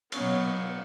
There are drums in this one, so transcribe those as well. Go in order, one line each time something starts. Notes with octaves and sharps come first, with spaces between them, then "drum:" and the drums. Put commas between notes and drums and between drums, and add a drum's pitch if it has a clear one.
B2 F#3 B3 C#4 C#5, drum: cymbal